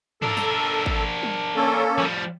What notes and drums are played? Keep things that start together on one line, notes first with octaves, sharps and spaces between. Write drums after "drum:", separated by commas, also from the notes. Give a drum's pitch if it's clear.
D4 A4 A#4, drum: tom
drum: snare
drum: kick G#1
drum: tom
A#3 C#4 A4
F3 G3